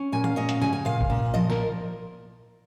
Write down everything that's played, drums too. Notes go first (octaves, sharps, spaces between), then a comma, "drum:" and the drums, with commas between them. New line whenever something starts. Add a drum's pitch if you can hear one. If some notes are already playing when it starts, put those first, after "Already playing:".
Already playing: C#4
A#2 G#5
F5, drum: tom
C#4 D#5
F5, drum: hi-hat
C#3 G#5
G#5
A#2 F5
drum: kick A1
A#2
F3 D#5
A#4, drum: snare